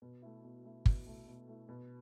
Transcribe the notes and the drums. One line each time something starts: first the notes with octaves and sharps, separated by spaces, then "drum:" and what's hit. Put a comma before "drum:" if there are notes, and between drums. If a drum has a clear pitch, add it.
B2
A3 E4
B2
A3 E4
B2, drum: kick
A3 E4
B2
A3 E4
B2